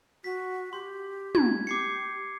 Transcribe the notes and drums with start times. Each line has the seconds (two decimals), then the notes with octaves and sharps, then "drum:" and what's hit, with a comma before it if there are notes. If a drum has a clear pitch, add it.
0.24 F#4 B6
0.73 G4 C6
1.35 G#6, drum: tom
1.67 G4 D6 C7 C#7